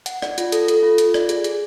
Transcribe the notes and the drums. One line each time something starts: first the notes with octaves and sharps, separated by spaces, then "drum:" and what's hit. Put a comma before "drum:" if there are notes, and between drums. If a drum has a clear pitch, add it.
F#5, drum: hi-hat
D5, drum: rim click
F4, drum: hi-hat
A4, drum: hi-hat
A4, drum: hi-hat
F4
F4, drum: hi-hat
D5, drum: rim click
G#4, drum: hi-hat
G#4, drum: hi-hat